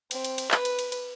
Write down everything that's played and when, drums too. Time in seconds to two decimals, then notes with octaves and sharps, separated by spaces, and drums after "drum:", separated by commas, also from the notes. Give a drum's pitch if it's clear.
0.11 C4, drum: cymbal
0.25 drum: cymbal
0.38 drum: cymbal
0.51 B4, drum: clap
0.65 drum: cymbal
0.79 drum: cymbal
0.92 drum: cymbal